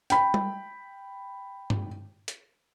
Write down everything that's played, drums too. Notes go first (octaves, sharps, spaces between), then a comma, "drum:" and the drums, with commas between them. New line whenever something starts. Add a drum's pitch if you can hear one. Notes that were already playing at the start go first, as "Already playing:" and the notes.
G5 B5, drum: hi-hat
drum: tom G3
drum: tom
drum: hi-hat